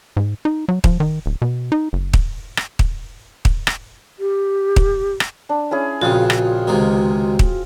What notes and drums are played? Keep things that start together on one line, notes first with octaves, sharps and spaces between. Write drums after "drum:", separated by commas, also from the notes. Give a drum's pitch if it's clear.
G#2
D#4
F#3
F3, drum: kick
D#3
D1
B2
D#4
F#1
drum: kick
drum: rim click
drum: kick
drum: kick
drum: rim click
G4
drum: kick
drum: rim click
D4
C#4 E4 G#4
A#1 C#3 C4 F4 F#4
drum: rim click
C#2 C3 D#3
drum: kick